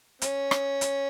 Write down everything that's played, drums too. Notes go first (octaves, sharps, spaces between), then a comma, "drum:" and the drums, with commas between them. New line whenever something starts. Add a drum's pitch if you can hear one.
C#4, drum: hi-hat
drum: rim click
drum: hi-hat